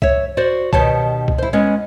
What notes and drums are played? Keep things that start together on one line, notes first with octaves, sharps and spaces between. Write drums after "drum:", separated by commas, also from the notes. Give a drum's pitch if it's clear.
C#5 E5, drum: kick
F#4 C5 D5
B2 D#3 G4 C#5 A5, drum: kick
drum: kick
E4 C5
G#3 B3 C#4